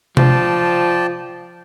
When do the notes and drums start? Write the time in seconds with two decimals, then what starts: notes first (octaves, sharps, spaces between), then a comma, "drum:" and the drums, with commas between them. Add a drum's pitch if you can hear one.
0.17 F3 D5 G5 A5, drum: tom C3